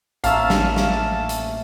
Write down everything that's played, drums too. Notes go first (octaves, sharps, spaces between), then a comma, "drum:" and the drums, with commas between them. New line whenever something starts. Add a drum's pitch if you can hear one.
A1 A#3 C#4 E5 F5 A5, drum: hi-hat
drum: snare
drum: snare
drum: hi-hat